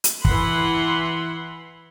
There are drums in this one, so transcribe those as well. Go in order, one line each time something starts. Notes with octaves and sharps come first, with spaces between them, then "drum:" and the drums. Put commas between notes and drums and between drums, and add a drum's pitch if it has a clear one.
drum: hi-hat
E3 F#5 B5 C6, drum: kick